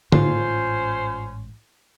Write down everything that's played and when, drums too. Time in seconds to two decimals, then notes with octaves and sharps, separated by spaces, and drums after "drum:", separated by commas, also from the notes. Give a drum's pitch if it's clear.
0.12 A1 G#2 C#4 F4 C5, drum: tom D3